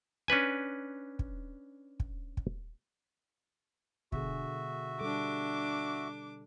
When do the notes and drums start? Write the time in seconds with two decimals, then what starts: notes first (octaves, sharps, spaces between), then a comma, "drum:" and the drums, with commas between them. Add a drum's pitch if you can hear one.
0.28 C#4 D4 B4 G#5
1.19 drum: kick
2.00 drum: kick
2.37 drum: kick
4.12 B2 D3 F#4 G#4 E5, drum: kick
5.01 G3 D4 A4 D6